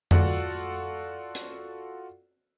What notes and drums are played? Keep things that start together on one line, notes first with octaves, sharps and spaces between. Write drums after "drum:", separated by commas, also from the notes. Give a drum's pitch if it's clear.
F4 F#4 A4 D5 F#5, drum: tom F2
drum: hi-hat